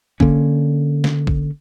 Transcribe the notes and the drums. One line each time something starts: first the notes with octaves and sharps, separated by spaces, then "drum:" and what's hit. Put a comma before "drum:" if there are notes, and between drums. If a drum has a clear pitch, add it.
D3 A#3 C#4, drum: kick
drum: snare
drum: kick